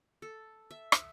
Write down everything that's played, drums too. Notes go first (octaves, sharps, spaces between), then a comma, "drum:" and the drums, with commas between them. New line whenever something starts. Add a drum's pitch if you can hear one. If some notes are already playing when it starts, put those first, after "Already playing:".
A4
E5
drum: rim click